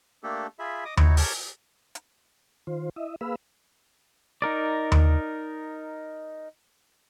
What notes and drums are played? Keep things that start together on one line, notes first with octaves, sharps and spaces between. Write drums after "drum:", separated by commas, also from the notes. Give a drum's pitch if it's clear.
A3 A#3 D4 G4 A4
F4 G#4 E5 B5
D#5 D6 D#6
D#4 E4 F#4 C#5, drum: tom D#2
G4 A#4 C#5 G5 A5, drum: open hi-hat
drum: hi-hat
D#3 F4 C5
E4 D#5 E5
A#3 G#4 B4 F5 B5 E6
D#4 A#4 D5
drum: tom D#2